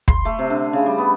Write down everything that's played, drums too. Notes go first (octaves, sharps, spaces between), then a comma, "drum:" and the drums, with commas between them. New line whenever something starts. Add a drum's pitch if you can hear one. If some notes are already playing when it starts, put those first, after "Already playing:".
C6, drum: kick
A3
C3
D3
C#3
G3
B3